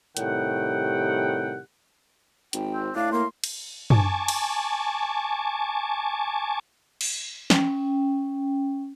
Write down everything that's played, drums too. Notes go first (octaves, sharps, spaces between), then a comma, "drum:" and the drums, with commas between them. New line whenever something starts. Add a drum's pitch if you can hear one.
A2 C3 D#3 G3 F#5 G5, drum: hi-hat
G#1 G5, drum: hi-hat
C4
A2 D4 F5
A#3 C6
drum: cymbal
G#5 A5 C#6 D6, drum: tom
drum: cymbal
drum: cymbal
C#4 G5, drum: snare